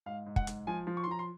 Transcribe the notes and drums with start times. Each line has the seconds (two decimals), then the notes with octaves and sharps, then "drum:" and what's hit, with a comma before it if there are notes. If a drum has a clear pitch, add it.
0.06 G#2 F5
0.26 G#2
0.36 F#5, drum: kick
0.47 G#2, drum: hi-hat
0.67 F3 G#5
0.87 F3
0.97 C#6
1.04 C6
1.07 F3 A#5
1.19 C6